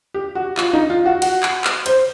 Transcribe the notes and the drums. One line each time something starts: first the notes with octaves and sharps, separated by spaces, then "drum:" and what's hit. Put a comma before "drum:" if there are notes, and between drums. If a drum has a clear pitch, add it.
G4
F#4
F4, drum: clap
D#4
F4
F#4
F#4, drum: cymbal
drum: clap
drum: clap
C5, drum: cymbal